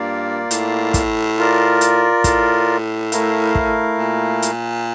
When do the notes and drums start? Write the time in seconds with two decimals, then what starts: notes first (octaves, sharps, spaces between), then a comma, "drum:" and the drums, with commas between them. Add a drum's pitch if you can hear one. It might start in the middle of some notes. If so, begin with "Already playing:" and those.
Already playing: G2 A#3 F4 A#4 D5 F5
0.51 A2, drum: hi-hat
0.94 drum: kick, hi-hat
1.38 F4 A#4 D5
1.81 drum: hi-hat
2.24 A2, drum: kick, hi-hat
3.12 A3 E4 A#4 F5, drum: hi-hat
3.55 drum: kick
3.98 A#2
4.42 drum: hi-hat